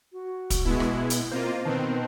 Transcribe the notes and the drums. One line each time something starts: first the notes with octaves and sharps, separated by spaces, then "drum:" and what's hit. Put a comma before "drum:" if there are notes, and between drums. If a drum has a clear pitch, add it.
F#4
drum: kick, hi-hat
B2 G#3 B3 E4
drum: rim click
drum: hi-hat
A#3 C4 F4 C5 D#5
B2 D#3 C4 B4 A5